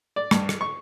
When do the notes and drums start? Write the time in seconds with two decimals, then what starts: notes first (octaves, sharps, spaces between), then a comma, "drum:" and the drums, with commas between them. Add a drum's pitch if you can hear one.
0.16 D5
0.31 G2, drum: rim click
0.49 drum: rim click
0.61 C#6